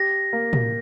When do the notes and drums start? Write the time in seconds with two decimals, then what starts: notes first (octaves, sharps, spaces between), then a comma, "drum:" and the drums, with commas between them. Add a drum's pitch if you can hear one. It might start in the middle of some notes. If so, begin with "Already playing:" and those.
Already playing: G4 A#6
0.33 A#3
0.53 drum: tom